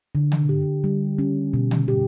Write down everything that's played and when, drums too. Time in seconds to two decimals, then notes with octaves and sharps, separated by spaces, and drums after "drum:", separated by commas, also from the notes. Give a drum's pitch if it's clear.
0.15 D3
0.32 drum: tom
0.49 G4
0.84 G3
1.19 C#4
1.53 B2
1.71 drum: tom
1.88 G4